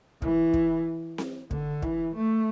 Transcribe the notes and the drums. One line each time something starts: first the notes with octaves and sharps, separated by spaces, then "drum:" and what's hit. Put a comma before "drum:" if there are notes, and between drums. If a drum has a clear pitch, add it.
E3, drum: kick
drum: kick
drum: snare C4
D3, drum: kick
E3, drum: kick
A3